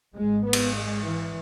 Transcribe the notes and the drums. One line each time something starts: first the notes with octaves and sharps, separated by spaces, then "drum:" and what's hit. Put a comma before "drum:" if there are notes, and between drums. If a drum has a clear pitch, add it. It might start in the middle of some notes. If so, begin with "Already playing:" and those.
G#1 G#2 G#3
B3
drum: cymbal
G#3
E3